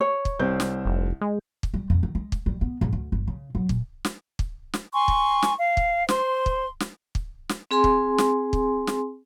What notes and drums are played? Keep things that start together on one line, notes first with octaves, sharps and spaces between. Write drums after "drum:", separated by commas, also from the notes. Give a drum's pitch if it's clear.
C#5
drum: kick
C2 C4 G6
drum: snare
F1
G#3
drum: kick
G3
F2
D#3
G#3
drum: kick
G3
B3
G#2
D2
G1
C#3
F#3
A#2, drum: kick
drum: snare
drum: kick
drum: snare
G#5 C6 C#6
drum: kick
drum: snare
F5
drum: kick
C5 C6, drum: snare
drum: kick
drum: snare
drum: kick
drum: snare
C4 G#4 G#5 C6
drum: kick
drum: snare
drum: kick
drum: snare